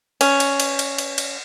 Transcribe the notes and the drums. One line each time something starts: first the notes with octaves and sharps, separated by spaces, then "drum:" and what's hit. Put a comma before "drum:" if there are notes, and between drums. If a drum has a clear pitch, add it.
C#4, drum: cymbal
drum: cymbal
drum: cymbal
drum: cymbal
drum: cymbal
drum: cymbal